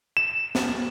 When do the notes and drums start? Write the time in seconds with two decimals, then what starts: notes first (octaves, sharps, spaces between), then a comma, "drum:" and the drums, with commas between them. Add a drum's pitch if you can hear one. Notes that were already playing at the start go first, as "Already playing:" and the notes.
0.17 E7
0.55 drum: snare